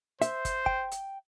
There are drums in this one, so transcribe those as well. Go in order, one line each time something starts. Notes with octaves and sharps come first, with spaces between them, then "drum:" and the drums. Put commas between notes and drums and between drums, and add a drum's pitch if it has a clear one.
C5 E5, drum: hi-hat
drum: kick, hi-hat
G5, drum: kick
drum: hi-hat